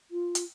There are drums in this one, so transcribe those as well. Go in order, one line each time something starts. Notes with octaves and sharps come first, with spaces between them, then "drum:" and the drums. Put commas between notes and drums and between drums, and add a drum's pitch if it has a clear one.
F4
drum: hi-hat